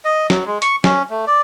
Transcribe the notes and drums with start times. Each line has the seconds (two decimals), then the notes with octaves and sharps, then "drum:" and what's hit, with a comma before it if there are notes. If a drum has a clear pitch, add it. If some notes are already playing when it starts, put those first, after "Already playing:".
0.05 D#5
0.30 F#3, drum: snare
0.46 G#3
0.62 C#6, drum: hi-hat
0.84 C#4, drum: snare
1.10 A3
1.27 D5